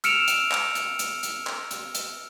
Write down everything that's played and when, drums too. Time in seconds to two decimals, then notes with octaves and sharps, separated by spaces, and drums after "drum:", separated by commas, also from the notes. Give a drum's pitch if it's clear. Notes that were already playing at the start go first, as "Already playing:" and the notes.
0.04 E6 F6 C#7 D7 E7 F7, drum: hi-hat
0.28 drum: hi-hat
0.52 drum: clap
0.75 drum: hi-hat
0.99 drum: hi-hat
1.23 drum: hi-hat
1.47 drum: clap
1.71 drum: hi-hat
1.95 drum: hi-hat